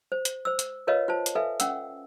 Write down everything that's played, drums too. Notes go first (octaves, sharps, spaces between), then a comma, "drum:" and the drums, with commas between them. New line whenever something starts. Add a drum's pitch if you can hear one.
C5
drum: hi-hat
C5 E6
drum: hi-hat
F4 A#4 B4 C#5 D#5 F5
F4 C5 A5
drum: hi-hat
A4 B4 E5 F5 G#5
C#4 F#5 G5 E6, drum: hi-hat